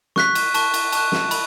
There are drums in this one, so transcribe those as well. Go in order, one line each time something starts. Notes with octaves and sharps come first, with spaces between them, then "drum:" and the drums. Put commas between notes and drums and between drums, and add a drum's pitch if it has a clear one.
C#6 F#6 B6, drum: snare
drum: cymbal
A5 C#6 F#6, drum: cymbal
drum: cymbal
A5 C#6 F#6, drum: cymbal
drum: snare
B5, drum: cymbal